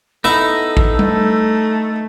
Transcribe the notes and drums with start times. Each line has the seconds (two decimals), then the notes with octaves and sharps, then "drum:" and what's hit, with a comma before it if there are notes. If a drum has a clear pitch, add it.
0.24 B3 D#4 E4 A4 E5
0.77 drum: kick A1
0.99 A3, drum: tom G3